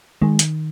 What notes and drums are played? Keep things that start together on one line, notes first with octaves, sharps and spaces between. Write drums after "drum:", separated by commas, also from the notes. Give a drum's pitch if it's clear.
D#3 G#3
drum: hi-hat